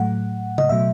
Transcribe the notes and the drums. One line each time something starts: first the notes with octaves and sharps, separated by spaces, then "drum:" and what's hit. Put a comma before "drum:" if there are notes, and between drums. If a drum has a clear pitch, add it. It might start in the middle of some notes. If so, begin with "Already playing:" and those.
Already playing: A2 F#3 A3 F#5
D#5, drum: tom C#3
B2 F#3 A3 E5